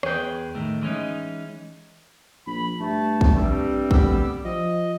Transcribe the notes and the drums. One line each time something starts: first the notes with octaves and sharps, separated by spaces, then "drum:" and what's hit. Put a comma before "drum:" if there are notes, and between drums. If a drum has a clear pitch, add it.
E2 G#4 B4 G5, drum: rim click
A2 D#3 A3
E3 G#3 C#4 D#4
A#1 B5
G2 A3 A5
drum: kick A#1
G3 A3 C4
D2 B3 G4 E6, drum: kick A#1
F3 D#5